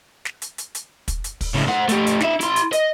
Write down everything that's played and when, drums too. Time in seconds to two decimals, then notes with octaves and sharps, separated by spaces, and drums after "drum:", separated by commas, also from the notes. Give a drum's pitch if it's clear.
0.25 drum: snare
0.42 drum: hi-hat
0.58 drum: hi-hat
0.75 drum: hi-hat
1.08 drum: kick, hi-hat
1.24 drum: hi-hat
1.41 drum: kick, open hi-hat
1.54 C#2 A2
1.68 C5 F#5
1.89 A3 G4, drum: hi-hat
2.07 drum: hi-hat
2.20 D#4 E5, drum: snare
2.41 E4 C6, drum: hi-hat
2.56 drum: hi-hat
2.73 D#5, drum: hi-hat